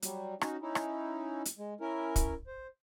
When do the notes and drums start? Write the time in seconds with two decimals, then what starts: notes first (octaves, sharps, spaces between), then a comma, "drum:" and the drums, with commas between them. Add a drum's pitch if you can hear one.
0.02 F#3 G3, drum: hi-hat
0.41 C#4 D#4 F#4, drum: rim click
0.62 C#4 D#4 E4
0.75 drum: rim click
1.45 drum: hi-hat
1.58 G#3
1.81 C#4 E4 A#4
2.16 drum: kick, hi-hat
2.47 C5